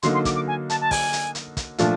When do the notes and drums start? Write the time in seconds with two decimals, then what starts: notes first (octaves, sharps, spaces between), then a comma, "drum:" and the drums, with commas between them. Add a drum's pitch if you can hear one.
0.03 D3 F#3 A#3 D#4 C6, drum: hi-hat
0.14 C6
0.25 D6, drum: kick, hi-hat
0.35 D6
0.48 G#5
0.70 A5, drum: hi-hat
0.81 A5
0.91 G#5, drum: kick, open hi-hat
1.13 drum: hi-hat
1.35 drum: hi-hat
1.57 drum: kick, hi-hat
1.78 A#2 F3 A3 D4 F4, drum: hi-hat